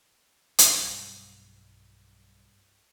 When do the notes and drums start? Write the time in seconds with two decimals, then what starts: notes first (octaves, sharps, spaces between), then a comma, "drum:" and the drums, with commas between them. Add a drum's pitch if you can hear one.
0.59 B1 G2, drum: hi-hat